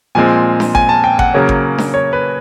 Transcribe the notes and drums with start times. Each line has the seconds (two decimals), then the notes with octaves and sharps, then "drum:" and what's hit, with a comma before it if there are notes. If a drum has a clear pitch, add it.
0.15 A#2 F3 G#3 C4 G#5
0.60 drum: snare D4
0.75 G#5, drum: kick G#1
0.89 A5
1.04 G5
1.19 F#5, drum: kick G#1
1.33 C#3 F#3 A#3 C#4
1.49 drum: kick G#1
1.78 drum: snare D4
1.94 C#5
2.13 B4